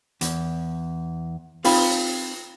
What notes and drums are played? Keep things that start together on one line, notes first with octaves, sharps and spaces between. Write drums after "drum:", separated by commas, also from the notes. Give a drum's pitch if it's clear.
E2, drum: hi-hat
C4 D#4 F4 B4 F5 B5, drum: open hi-hat